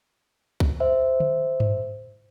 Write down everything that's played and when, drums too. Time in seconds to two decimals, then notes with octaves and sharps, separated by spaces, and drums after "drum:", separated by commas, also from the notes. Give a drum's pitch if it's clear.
0.60 drum: kick C2
0.80 C5 E5
1.20 drum: tom D3
1.60 drum: tom G2